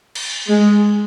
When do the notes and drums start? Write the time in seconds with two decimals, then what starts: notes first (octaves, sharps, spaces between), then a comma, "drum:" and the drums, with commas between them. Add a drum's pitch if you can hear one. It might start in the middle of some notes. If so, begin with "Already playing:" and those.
0.15 drum: cymbal
0.49 G#3